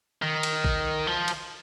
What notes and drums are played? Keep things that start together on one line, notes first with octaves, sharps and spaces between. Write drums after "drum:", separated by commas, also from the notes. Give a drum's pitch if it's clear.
D#3
drum: cymbal
drum: kick A1
F3
drum: cymbal